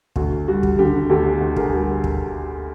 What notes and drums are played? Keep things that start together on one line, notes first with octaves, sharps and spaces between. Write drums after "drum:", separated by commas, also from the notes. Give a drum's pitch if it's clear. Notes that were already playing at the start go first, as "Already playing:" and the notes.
D2 F#4, drum: kick
G3 F#4
drum: kick
D3 G4
D2 G4 A4
D2
G#4 A#4, drum: kick
G3
drum: kick